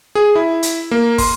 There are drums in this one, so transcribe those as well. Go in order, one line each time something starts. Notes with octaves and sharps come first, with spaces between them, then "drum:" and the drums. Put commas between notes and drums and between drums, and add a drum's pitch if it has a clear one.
G#4
E4
drum: hi-hat
A#3
C6, drum: kick, open hi-hat